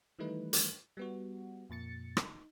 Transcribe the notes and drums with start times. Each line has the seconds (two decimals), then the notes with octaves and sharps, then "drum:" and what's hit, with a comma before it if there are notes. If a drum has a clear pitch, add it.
0.19 D#3 E3 G3 A3 D#4 B4
0.53 drum: hi-hat
0.97 G3 B3 F#4
1.70 F2 A#2 A6 C#7
2.17 D#4, drum: rim click